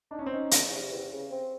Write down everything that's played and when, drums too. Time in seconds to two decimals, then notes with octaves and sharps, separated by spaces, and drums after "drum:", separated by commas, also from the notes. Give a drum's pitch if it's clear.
0.11 D4 D#4
0.19 C#4
0.26 C4
0.31 C#4 D#4
0.51 E2, drum: hi-hat
0.70 C3
0.91 E2
1.12 C#3
1.31 C4